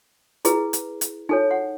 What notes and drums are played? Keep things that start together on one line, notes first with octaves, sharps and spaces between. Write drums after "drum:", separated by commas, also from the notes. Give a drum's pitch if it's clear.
E4 G#4 B4, drum: hi-hat
drum: hi-hat
drum: hi-hat
D#4 A4 C#5 G#5
F#5